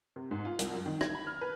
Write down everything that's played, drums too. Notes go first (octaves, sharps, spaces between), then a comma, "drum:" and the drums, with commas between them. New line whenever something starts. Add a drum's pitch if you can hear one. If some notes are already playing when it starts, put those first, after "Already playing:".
C3
G#2
F4
C2, drum: hi-hat
F#2
D#3
G#6, drum: rim click
B5
F6
B4